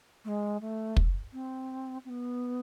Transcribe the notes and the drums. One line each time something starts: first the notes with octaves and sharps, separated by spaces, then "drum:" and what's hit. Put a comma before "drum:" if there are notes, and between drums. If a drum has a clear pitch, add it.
A3
G#3
A3
drum: kick
C4
C4
B3